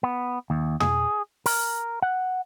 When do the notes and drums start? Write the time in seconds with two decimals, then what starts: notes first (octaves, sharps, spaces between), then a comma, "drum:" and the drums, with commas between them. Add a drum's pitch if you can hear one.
0.03 B3
0.50 D#2
0.80 G#4, drum: tom
1.46 A#4, drum: open hi-hat
2.02 F#5